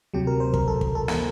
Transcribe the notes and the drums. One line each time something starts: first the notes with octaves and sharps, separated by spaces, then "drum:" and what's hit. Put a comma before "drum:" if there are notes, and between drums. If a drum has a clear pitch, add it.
D2 C3 F#3 G4
A#4
C5
A#4, drum: kick
A4
drum: kick
A4
drum: snare